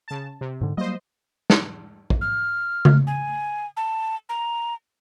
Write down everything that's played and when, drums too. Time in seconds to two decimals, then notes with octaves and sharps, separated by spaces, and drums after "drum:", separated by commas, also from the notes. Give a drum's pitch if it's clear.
0.08 C#3 A5
0.41 C3
0.61 G#2 D3
0.77 F#3 G3 A#3 C5 D#5
1.50 drum: snare
2.10 drum: kick
2.21 F6
2.85 drum: tom C#3
3.07 G#5
3.77 A5
4.29 A#5